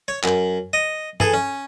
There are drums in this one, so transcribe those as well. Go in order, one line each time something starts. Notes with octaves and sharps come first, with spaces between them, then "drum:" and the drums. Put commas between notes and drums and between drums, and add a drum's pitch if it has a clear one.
C#5
F#2, drum: clap
D#5
E3 G#4 A4, drum: tom G2
C#4